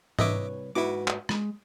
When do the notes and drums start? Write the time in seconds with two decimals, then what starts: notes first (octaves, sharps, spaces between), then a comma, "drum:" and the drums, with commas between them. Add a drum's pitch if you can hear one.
0.19 C2 B4 C#5 D#5 E5 D6, drum: tom G#2
0.75 G#2 E4 F#4 B4 D6
1.08 drum: clap
1.29 G#3, drum: rim click